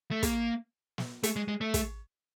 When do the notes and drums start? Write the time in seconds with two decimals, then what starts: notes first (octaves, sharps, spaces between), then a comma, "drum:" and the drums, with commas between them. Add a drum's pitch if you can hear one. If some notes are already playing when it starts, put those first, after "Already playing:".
0.11 A3
0.23 A#3, drum: kick, hi-hat
0.98 drum: snare
1.23 A3, drum: hi-hat
1.36 G#3
1.48 G#3
1.61 A3
1.74 drum: kick, hi-hat